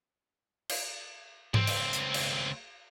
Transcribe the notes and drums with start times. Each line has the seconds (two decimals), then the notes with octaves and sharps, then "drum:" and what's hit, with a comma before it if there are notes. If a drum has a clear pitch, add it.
0.69 drum: cymbal
1.54 C#2 C4, drum: tom G#2
1.67 drum: cymbal
1.93 drum: hi-hat
2.14 drum: cymbal